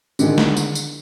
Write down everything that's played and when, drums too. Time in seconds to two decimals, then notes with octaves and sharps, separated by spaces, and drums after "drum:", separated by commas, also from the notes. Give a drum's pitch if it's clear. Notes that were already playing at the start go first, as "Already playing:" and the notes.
0.19 D3 D#3 G#3, drum: tambourine
0.38 drum: snare
0.57 drum: tambourine
0.75 drum: tambourine